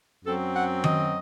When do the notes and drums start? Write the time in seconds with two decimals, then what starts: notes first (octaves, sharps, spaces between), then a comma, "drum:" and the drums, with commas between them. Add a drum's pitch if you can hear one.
0.25 F#2 F#3 C4 A4
0.54 F#5
0.84 D#5, drum: tom D#3